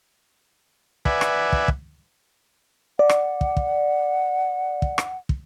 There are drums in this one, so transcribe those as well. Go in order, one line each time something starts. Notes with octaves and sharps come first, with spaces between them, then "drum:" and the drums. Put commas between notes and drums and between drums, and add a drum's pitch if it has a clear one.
B4 D5 E5 F#5 G#5, drum: kick
drum: rim click
drum: kick
drum: kick
D5 F#5
drum: rim click
drum: kick
drum: kick
drum: kick
drum: rim click
drum: kick